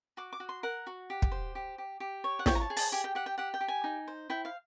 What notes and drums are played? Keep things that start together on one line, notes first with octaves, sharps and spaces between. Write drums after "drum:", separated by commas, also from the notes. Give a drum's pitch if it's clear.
F#4 D6
D6
F#4
C6
A#4 F#5
F#4
G4
drum: kick
C5
G4
G4
G4
C#5
F#5
C#5 G5, drum: snare
A#5
A5
G#4
A5, drum: open hi-hat
G4 G#5
G5
G4 F#5
G5
G4 F#5
G5
G4
G#5
D#4
C5
E4 G5
F5